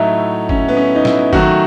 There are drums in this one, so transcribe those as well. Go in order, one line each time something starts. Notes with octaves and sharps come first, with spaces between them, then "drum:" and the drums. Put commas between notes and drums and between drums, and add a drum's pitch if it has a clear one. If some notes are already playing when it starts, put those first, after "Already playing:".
Already playing: A2 F#3 A3 D#4 E4
C#4, drum: kick
B3
C#4
D#4
E4, drum: snare
D#3 F#3 A3 F#4, drum: kick